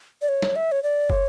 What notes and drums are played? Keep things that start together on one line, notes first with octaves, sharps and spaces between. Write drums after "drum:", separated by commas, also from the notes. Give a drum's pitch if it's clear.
D5
C#5
drum: snare
E5
C#5
D5
C#5, drum: kick